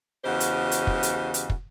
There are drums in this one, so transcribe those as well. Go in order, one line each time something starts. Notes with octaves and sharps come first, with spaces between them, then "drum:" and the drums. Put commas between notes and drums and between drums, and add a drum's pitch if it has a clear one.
E2 C#3 F#4 G4 C5 D#5
drum: hi-hat
drum: hi-hat
drum: kick
drum: hi-hat
drum: hi-hat
drum: kick